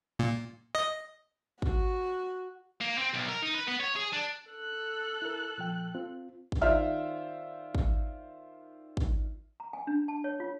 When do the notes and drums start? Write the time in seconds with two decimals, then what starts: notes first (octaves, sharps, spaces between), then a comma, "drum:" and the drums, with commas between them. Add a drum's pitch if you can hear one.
0.19 A#2
0.75 D#5
1.62 F#4, drum: kick
2.81 A#3
2.98 C4
3.14 B1
3.29 A#4
3.42 D#4
3.55 B4
3.68 B3
3.80 C#5
3.96 G#4
4.13 D4
4.50 A4 F#6
5.22 E4 A#4
5.58 A#2 F3 G5
5.95 C4 F4
6.52 drum: kick
6.62 D#3 F4 C5 D5 E5 F6
7.75 drum: kick
8.97 drum: kick
9.60 A#5
9.73 G#5
9.87 D4
10.08 A5
10.24 C#5
10.40 F4